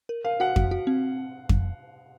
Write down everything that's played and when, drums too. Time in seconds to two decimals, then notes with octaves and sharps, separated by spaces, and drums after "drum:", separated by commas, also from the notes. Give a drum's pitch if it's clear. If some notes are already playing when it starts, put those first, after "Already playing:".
0.09 A#4
0.24 A#4 F5
0.40 F#4 F#5
0.56 F#4, drum: kick F2
0.71 F#4
0.87 C4
1.49 drum: kick F2